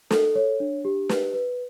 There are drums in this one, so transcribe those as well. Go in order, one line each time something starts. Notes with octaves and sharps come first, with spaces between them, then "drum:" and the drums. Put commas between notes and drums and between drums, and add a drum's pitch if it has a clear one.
A4, drum: snare
C#5
D4
G4
B4, drum: snare
B4